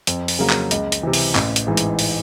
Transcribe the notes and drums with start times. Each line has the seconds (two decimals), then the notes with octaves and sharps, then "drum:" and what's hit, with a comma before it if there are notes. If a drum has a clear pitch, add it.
0.07 F2, drum: hi-hat
0.28 drum: open hi-hat
0.39 C#3 F#3 A#3
0.50 drum: clap
0.71 C#2, drum: hi-hat
0.92 drum: hi-hat
1.03 C3 E3
1.13 drum: open hi-hat
1.35 A1, drum: clap
1.56 drum: hi-hat
1.67 G#2 E3
1.77 drum: hi-hat
1.99 drum: open hi-hat